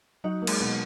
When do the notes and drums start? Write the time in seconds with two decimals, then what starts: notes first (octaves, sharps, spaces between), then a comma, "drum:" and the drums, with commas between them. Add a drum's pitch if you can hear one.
0.24 F#3 D#4 F#4
0.42 A#3
0.47 G#3 G#4, drum: cymbal
0.60 B2